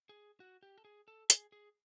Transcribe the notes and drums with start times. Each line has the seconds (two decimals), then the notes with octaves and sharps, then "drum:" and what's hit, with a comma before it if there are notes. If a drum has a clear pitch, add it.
0.09 G#4
0.40 F#4
0.63 G4
0.78 A4
0.85 G#4
1.08 A4
1.30 G#4, drum: hi-hat
1.52 G#4